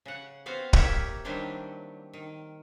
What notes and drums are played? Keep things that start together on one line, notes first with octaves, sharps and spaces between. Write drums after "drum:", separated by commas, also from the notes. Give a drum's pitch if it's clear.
C#3 F#5
B3 C4 F#4 F5
A#3 E4 G4 A#4 C#5 E5, drum: kick
D#3 F#3 G3 C4 D4 E4
D#3